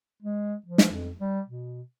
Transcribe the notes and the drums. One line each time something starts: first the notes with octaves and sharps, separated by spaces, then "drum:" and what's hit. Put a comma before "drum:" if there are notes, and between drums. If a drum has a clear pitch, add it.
G#3
F3
drum: snare
F2
G3
B2